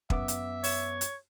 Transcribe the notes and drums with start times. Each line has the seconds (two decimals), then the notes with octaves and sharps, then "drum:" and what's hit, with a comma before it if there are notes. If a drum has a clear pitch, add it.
0.10 F#2 B3 E5 D6, drum: kick
0.28 drum: hi-hat
0.64 C#5, drum: open hi-hat
1.01 drum: hi-hat